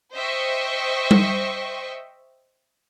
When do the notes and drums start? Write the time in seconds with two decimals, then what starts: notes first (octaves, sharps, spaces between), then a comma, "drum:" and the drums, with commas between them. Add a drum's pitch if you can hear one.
0.14 C5 D#5 E5 G5 C#6
1.11 drum: tom G3